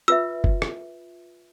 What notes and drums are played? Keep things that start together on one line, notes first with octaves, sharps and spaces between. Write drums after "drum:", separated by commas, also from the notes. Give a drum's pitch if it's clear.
F4 B4 E5 E6
drum: kick
drum: rim click